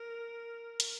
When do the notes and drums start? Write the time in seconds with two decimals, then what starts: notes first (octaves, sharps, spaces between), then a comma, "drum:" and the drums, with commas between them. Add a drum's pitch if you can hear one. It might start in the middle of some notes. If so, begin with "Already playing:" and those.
Already playing: A#4
0.80 drum: hi-hat